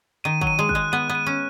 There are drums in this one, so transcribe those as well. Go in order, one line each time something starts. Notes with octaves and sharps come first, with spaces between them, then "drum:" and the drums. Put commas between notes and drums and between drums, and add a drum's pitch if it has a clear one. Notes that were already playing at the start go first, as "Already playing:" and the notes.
D#3 D#7
F#3, drum: kick
D#7
G#3
F#6, drum: kick
G#3
B3 D#7
B3
D#7
C#4